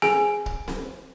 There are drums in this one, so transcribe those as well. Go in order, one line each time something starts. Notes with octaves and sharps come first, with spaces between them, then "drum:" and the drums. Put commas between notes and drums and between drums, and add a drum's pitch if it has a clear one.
G#4 G#5, drum: snare C4
drum: kick
drum: snare C4